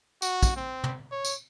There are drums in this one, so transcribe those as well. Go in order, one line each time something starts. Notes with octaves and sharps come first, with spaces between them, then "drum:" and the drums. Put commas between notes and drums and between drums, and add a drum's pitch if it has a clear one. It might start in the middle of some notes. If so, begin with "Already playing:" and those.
F#4, drum: tambourine
drum: kick, tambourine
C4
drum: tom
C#5
drum: tambourine